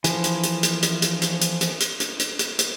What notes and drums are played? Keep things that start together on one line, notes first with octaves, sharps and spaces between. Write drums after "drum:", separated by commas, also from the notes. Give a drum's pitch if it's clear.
E3 F3, drum: hi-hat
drum: hi-hat
drum: hi-hat
drum: hi-hat
drum: hi-hat
drum: hi-hat
drum: hi-hat
drum: hi-hat
drum: hi-hat
drum: hi-hat
drum: hi-hat
drum: hi-hat
drum: hi-hat
drum: hi-hat